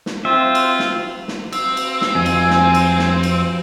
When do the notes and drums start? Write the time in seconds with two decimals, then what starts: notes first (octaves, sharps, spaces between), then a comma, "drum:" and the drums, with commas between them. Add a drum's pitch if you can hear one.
0.06 drum: snare
0.25 C4 F4 E5
0.55 drum: cymbal
0.79 drum: snare
1.28 drum: snare
1.53 C4, drum: cymbal
1.77 drum: cymbal
2.01 drum: snare
2.15 F2 G#5
2.26 drum: cymbal
2.50 drum: snare
2.74 drum: cymbal
2.99 drum: snare
3.23 drum: cymbal